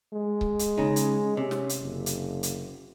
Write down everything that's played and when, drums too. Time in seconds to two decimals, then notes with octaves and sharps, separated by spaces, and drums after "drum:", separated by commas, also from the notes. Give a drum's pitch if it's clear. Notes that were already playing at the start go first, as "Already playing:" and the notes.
0.14 G#3
0.41 drum: kick C#1
0.59 drum: hi-hat
0.78 C#3 D#4
0.96 drum: hi-hat
1.37 C3 C#4
1.51 drum: snare
1.69 drum: hi-hat
1.79 F#1
2.06 drum: hi-hat
2.43 drum: hi-hat